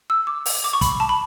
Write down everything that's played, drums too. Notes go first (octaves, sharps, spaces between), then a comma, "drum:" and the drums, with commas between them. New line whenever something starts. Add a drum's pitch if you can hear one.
E6
D6
drum: open hi-hat
D6
C#6
B5, drum: kick, hi-hat
A5
B5